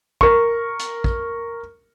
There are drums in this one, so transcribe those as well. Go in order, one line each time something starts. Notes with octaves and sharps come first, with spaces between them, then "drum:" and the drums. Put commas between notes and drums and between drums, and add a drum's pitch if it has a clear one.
A#4 C#6, drum: kick
drum: hi-hat
drum: kick